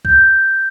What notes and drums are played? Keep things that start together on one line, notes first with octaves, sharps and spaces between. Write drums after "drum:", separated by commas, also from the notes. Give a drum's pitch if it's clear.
G6, drum: kick